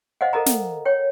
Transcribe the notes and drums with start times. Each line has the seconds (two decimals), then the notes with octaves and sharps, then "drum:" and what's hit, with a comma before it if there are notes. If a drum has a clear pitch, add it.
0.21 C5 D#5 F5 F#5
0.33 A4 A#4 D#5 A#5
0.46 drum: snare
0.85 C#5 G5